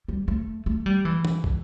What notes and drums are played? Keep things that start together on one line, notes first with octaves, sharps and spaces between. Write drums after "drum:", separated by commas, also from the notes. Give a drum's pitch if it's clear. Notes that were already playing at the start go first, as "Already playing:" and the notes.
G3
A3
A3
G3
E3
drum: tom
drum: kick